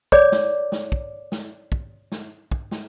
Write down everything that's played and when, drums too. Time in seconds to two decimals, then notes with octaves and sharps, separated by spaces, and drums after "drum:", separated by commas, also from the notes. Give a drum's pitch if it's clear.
0.12 C#5 D5 D6, drum: kick
0.32 drum: snare
0.72 drum: snare
0.92 drum: kick
1.32 drum: snare
1.72 drum: kick
2.12 drum: snare
2.52 drum: kick
2.71 drum: snare